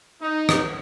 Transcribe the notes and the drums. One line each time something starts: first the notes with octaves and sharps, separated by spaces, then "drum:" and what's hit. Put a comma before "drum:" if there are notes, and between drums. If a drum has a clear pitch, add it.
D#4
drum: rim click